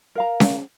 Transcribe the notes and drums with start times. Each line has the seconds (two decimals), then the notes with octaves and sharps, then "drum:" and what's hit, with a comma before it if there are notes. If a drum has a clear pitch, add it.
0.15 A#4 F5 A#5
0.40 drum: snare C#4